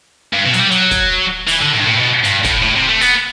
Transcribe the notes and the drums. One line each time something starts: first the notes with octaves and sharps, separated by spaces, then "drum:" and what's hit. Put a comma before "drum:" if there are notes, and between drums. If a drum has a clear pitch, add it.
G2
B2
F#3, drum: hi-hat
G3
F#3, drum: hi-hat
drum: kick, hi-hat
E3, drum: open hi-hat
D3
A2
G2
A2
B2
G2, drum: hi-hat
A2, drum: kick, hi-hat
A2
C3
A3
B3, drum: open hi-hat